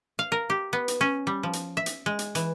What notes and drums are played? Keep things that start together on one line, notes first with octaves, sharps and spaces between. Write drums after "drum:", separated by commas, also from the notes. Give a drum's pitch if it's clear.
F5
A#4
G4
B3
drum: hi-hat
C#4
G3
F3
drum: hi-hat
E5
drum: hi-hat
G#3
drum: hi-hat
E3, drum: hi-hat